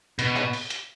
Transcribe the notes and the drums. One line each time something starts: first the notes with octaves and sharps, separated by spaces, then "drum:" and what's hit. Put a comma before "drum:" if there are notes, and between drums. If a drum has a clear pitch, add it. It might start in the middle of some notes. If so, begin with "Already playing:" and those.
B2, drum: hi-hat
drum: clap
drum: open hi-hat
drum: hi-hat